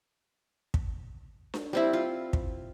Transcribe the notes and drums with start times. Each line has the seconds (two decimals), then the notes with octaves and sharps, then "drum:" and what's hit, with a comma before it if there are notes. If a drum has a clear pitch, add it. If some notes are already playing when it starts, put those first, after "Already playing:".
0.74 drum: kick
1.54 drum: snare D4
1.73 G3 C4 E4
1.93 F4
2.33 drum: kick